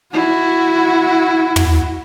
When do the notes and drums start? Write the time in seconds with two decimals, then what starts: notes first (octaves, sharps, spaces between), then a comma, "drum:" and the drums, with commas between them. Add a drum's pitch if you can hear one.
0.13 E4 F#4
1.56 drum: tom